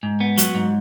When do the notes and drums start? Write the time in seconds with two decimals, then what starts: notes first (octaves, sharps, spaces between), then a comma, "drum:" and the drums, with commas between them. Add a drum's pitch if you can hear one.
0.03 G#2
0.20 B3
0.38 F#3, drum: hi-hat
0.55 G#2